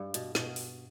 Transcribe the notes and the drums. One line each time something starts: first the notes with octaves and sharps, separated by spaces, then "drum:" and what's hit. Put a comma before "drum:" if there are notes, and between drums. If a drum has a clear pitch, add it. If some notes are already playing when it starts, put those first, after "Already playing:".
Already playing: G2
B2, drum: hi-hat
B2, drum: snare
drum: open hi-hat